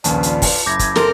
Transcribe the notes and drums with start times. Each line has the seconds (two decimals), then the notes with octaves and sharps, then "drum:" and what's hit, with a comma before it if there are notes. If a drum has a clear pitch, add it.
0.04 A#1 D#2 C#3 F4 B4 D5 A5, drum: hi-hat
0.23 drum: hi-hat
0.42 drum: kick, open hi-hat
0.66 F#1 E4 D6 G6 G#6 A#6
0.79 drum: kick, hi-hat
0.96 C4 A4 A#4 C6, drum: snare